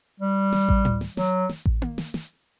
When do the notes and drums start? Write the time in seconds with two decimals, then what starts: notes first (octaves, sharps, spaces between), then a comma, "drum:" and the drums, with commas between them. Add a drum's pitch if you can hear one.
0.20 G3
0.53 drum: snare
0.69 drum: kick A1
0.85 drum: tom A2
1.01 drum: snare
1.17 F#3, drum: snare
1.49 drum: snare
1.66 drum: kick A1
1.82 drum: tom A#3
1.98 drum: snare
2.14 drum: snare